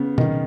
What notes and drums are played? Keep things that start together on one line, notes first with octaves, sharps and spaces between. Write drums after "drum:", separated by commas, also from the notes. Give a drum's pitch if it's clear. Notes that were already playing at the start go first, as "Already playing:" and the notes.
Already playing: C#3 B3
D#3, drum: tom B2